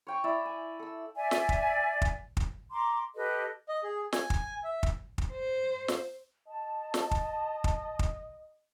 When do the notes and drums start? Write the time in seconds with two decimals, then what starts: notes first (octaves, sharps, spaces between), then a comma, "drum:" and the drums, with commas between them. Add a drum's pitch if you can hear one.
0.07 C#5 G5 C#6
0.24 E4 D5 E5
0.45 G#5
0.79 A4 E6
1.16 D5 E5 G#5
1.31 drum: snare
1.49 drum: kick
2.02 drum: kick
2.37 drum: kick
2.72 A#5 C6 D6
3.15 G4 A4 B4 D#5
3.69 D#5
3.84 G#4
4.13 G#5, drum: snare
4.30 drum: kick
4.64 E5
4.83 drum: kick
5.18 drum: kick
5.33 C5
5.88 drum: snare
6.48 D#5 A5
6.94 drum: snare
7.11 drum: kick
7.64 drum: kick
7.99 drum: kick